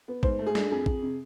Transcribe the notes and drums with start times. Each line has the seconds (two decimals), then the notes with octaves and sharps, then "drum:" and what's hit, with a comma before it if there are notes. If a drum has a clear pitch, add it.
0.08 B3
0.23 G#2 C5, drum: kick
0.39 A3
0.47 G#4
0.55 D4, drum: snare
0.71 F2 G#4
0.86 F2, drum: kick
1.03 C3